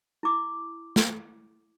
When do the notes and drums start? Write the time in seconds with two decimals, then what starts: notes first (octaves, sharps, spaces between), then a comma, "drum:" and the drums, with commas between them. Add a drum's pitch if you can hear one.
0.23 E4 D6
0.96 drum: snare